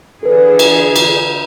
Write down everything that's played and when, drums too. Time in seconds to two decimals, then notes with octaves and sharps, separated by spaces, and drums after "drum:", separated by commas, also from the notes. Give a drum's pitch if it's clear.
0.23 D3 E3 G#4 A4 B4
0.59 drum: cymbal
0.96 drum: cymbal